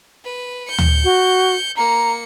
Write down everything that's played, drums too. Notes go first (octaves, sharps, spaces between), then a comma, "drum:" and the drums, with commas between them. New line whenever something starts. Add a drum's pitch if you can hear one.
B4
G6 C#7
drum: tom D2
F#4
A#3 A#5 C#7